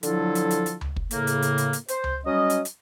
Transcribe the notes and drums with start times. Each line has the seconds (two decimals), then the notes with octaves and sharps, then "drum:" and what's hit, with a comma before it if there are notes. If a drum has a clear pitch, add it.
0.03 D3 F3 F#3 E4 F4 A4, drum: hi-hat
0.35 drum: hi-hat
0.51 drum: hi-hat
0.66 drum: hi-hat
0.81 drum: tom C#2
0.96 drum: kick
1.11 A2 C#3 A#3, drum: hi-hat
1.27 drum: hi-hat
1.42 drum: hi-hat
1.58 drum: hi-hat
1.73 drum: hi-hat
1.88 C5, drum: hi-hat
2.04 drum: tom C#2
2.26 F#3 G3 C#4 D#5
2.50 drum: hi-hat
2.65 drum: hi-hat